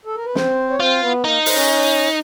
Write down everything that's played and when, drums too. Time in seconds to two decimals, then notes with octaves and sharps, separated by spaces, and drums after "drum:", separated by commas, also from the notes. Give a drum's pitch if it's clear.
0.05 A4
0.15 A#4
0.25 B4
0.35 C4 C5, drum: snare
0.70 C#5
0.80 C4 F4 C5
1.02 B3 B4
1.24 A#3 D#4 A#4
1.46 C5, drum: open hi-hat
1.54 C#4 C#5